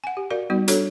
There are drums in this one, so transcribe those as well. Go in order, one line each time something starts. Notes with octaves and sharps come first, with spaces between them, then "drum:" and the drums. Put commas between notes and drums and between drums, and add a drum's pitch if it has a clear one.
F#5 G#5
G4
F#4 A#4 D5 F5
G3 B3 D#4 F#4
D4 F#4 A4 C#5, drum: hi-hat